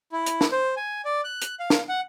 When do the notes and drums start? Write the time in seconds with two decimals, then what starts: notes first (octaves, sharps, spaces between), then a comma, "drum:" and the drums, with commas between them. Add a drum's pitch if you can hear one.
0.12 E4
0.26 drum: hi-hat
0.41 drum: snare
0.52 C5
0.77 G#5
1.05 D5
1.24 F#6
1.42 drum: hi-hat
1.60 F5
1.70 drum: snare
1.89 F#5